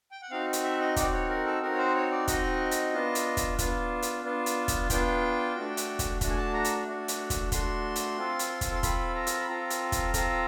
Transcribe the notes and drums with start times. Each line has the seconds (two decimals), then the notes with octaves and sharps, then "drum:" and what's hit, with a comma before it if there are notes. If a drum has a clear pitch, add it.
0.11 G5
0.22 F#5
0.31 C4 D#4 F#4 F5
0.53 drum: hi-hat
0.64 E5
0.80 D#5
0.96 C4 D#4 F#4 D5, drum: kick, hi-hat
1.13 C#5
1.29 A#4
1.46 A4
1.62 C4 D#4 F#4 A#4
1.73 C#5
1.78 C5
1.95 C#5
2.11 D5
2.28 C4 D#4 F#4 D#5, drum: kick, hi-hat
2.71 drum: hi-hat
2.93 B3 D4 F4
3.15 drum: hi-hat
3.37 drum: kick, hi-hat
3.59 B3 D4 F4, drum: kick, hi-hat
4.02 drum: hi-hat
4.24 B3 D4 F4
4.46 drum: hi-hat
4.68 drum: kick, hi-hat
4.90 B3 D4 F4 G5, drum: kick, hi-hat
5.55 A3 D4 F#4
5.77 drum: hi-hat
5.99 drum: kick, hi-hat
6.21 A3 D4 F#4, drum: kick, hi-hat
6.30 G#5
6.37 A5
6.54 A#5
6.64 drum: hi-hat
6.87 A3 D4 F#4
7.08 drum: hi-hat
7.30 drum: kick, hi-hat
7.52 A3 D4 F#4 C6, drum: kick, hi-hat
7.96 drum: hi-hat
8.17 C4 F4 A4
8.39 drum: hi-hat
8.61 drum: kick, hi-hat
8.75 C6
8.83 C4 F4 A4 B5, drum: kick, hi-hat
9.15 A#5
9.27 drum: hi-hat
9.40 B5
9.49 C4 F4 A4 A#5
9.70 drum: hi-hat
9.92 drum: kick, hi-hat
10.14 C4 F4 A4, drum: kick, hi-hat